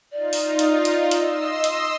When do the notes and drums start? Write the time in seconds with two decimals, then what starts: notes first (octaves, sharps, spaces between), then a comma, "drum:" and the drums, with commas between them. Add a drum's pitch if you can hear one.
0.12 D#4 F4 D5
0.33 drum: open hi-hat
0.59 drum: hi-hat
0.85 drum: hi-hat
1.11 D#5 C6 E6, drum: hi-hat
1.64 drum: hi-hat